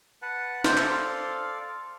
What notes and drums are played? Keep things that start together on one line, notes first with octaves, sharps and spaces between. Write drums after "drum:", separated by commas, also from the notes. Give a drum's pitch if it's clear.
B4 F#5 A5
A4 C5 D5 F5, drum: snare
drum: clap